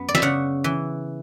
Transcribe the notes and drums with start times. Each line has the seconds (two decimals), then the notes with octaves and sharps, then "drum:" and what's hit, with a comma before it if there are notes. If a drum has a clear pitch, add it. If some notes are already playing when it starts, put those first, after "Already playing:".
Already playing: F#2 B3
0.09 D5
0.15 E5, drum: snare
0.22 C#3 F#5
0.64 E3